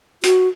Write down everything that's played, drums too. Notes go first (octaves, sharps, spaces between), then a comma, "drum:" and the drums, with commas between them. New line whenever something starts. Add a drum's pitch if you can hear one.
F#4, drum: hi-hat